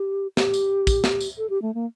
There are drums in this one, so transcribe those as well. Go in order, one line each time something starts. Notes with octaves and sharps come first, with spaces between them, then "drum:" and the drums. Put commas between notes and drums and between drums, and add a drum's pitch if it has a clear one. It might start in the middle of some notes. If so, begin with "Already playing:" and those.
Already playing: G4
G4, drum: snare
drum: tambourine
drum: kick, tambourine
drum: snare
drum: tambourine
A4
G4
A3
A#3